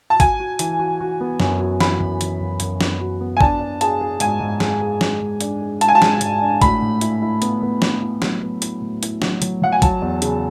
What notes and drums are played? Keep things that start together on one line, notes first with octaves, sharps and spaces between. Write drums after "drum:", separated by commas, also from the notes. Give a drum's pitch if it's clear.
A5
F#4 G#5, drum: kick, hi-hat
F#4
E3, drum: hi-hat
F#4
F#4
B3
F#2, drum: snare
F#4
E3 B5, drum: snare
F#2
E3, drum: hi-hat
F#2
F#2, drum: hi-hat
B3, drum: snare
F#4
B3
G#5
D4 A5, drum: kick
D4
G#4 A5, drum: hi-hat
G#4
G#2 G#5, drum: hi-hat
G#2
G#4, drum: snare
G#4
G#3, drum: snare
G#3
D4, drum: hi-hat
G#4
G#3 A5, drum: hi-hat
G#5
A5
G#3, drum: snare
G#2, drum: hi-hat
D4
A2 B5, drum: kick, hi-hat
A2
E4, drum: hi-hat
E4
B3, drum: hi-hat
B3
B3, drum: snare
E4
F#3, drum: snare
B3
E4, drum: hi-hat
A2
E4, drum: hi-hat
F#3, drum: snare
F#3, drum: hi-hat
F#3 F#5
G#5
F#3 A5, drum: kick, hi-hat
E2
C#3, drum: hi-hat